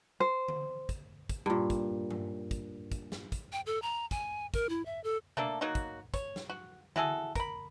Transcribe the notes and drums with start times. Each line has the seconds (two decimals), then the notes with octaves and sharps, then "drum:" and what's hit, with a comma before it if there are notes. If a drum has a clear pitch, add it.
0.20 C5
0.48 drum: tom D3
0.89 drum: kick, hi-hat
1.29 drum: kick, hi-hat
1.46 G2 A#2
1.70 drum: kick, hi-hat
2.11 drum: tom G2
2.51 drum: kick, hi-hat
2.92 drum: kick, hi-hat
3.12 drum: snare
3.32 drum: kick, hi-hat
3.53 G5
3.66 A4
3.82 A#5
4.11 G#5, drum: kick, hi-hat
4.54 A#4, drum: kick, hi-hat
4.69 E4
4.86 E5
5.04 A4
5.37 A3 A#3 D4 A4, drum: tom B2
5.61 F#3 A#3 D#4 F#4
5.75 drum: kick, hi-hat
6.14 C#5, drum: kick, hi-hat
6.36 drum: snare
6.50 F#4
6.96 E4 F#4 G#4 A4, drum: tom D3
7.35 A#4 B5, drum: kick, hi-hat